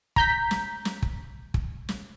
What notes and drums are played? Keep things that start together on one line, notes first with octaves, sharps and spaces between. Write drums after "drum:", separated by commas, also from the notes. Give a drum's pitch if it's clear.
A#5 G6 B6, drum: kick
drum: snare
drum: snare
drum: kick
drum: kick
drum: snare